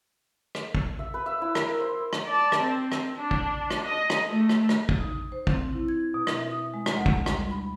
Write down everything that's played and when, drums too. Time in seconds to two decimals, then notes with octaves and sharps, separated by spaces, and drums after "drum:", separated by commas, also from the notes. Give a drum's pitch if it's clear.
0.55 drum: rim click
0.75 drum: kick
0.99 E5
1.14 B4
1.26 E5
1.42 E4
1.55 A#4, drum: rim click
1.68 E5
1.80 C5
2.13 drum: rim click
2.26 D5 A5
2.52 drum: rim click
2.61 C4
2.92 drum: rim click
3.17 D4
3.31 drum: kick
3.70 drum: rim click
3.84 D#5
4.10 drum: rim click
4.29 A3
4.49 drum: rim click
4.69 drum: rim click
4.89 drum: kick
5.00 D#4
5.32 C5
5.47 C4, drum: kick
5.73 E4
5.88 G#6
6.14 B2
6.27 drum: rim click
6.38 E5
6.51 D#6
6.74 G#3
6.86 drum: rim click
6.96 D2
7.06 drum: kick
7.26 G3, drum: rim click
7.51 B5